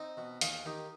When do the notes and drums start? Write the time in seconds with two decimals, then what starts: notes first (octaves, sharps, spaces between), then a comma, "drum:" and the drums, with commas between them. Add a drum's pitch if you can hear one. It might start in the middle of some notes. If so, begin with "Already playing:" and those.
Already playing: C4 D#4
0.17 B2
0.41 D#2 F4 G#4, drum: hi-hat
0.65 D#3 D#4 G4